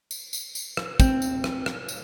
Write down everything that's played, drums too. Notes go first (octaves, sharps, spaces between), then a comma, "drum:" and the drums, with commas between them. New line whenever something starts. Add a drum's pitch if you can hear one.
drum: tambourine
drum: tambourine
drum: tambourine
drum: rim click
C4, drum: kick, tambourine
drum: tambourine
drum: rim click
drum: rim click
drum: tambourine